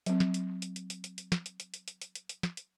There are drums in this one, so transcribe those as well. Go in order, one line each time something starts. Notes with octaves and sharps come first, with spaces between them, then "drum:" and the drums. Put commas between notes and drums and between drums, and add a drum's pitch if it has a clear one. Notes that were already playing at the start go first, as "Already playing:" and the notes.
F#3 C4, drum: hi-hat
drum: snare
drum: hi-hat
drum: hi-hat
drum: hi-hat
drum: hi-hat
drum: hi-hat
drum: hi-hat
drum: snare
drum: hi-hat
drum: hi-hat
drum: hi-hat
drum: hi-hat
drum: hi-hat
drum: hi-hat
drum: hi-hat
drum: snare
drum: hi-hat